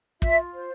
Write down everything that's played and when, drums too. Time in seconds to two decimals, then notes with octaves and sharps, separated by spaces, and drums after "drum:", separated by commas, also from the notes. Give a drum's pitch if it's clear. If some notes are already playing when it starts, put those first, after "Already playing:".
0.22 F4 E5, drum: kick
0.53 C5